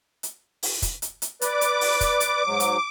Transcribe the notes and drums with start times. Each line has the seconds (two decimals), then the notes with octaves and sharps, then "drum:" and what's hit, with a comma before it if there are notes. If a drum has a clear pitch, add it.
0.23 drum: hi-hat
0.63 drum: open hi-hat
0.82 drum: kick, hi-hat
1.02 drum: hi-hat
1.22 drum: hi-hat
1.41 B4 D5 D6, drum: hi-hat
1.61 drum: hi-hat
1.81 drum: open hi-hat
2.01 drum: kick, hi-hat
2.20 drum: hi-hat
2.46 G#2 F#3
2.60 drum: hi-hat